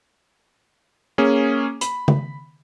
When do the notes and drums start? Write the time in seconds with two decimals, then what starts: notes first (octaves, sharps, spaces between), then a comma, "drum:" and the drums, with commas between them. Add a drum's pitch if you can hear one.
1.18 A#3 C#4 G#4
1.81 B5, drum: hi-hat
2.08 drum: tom C#3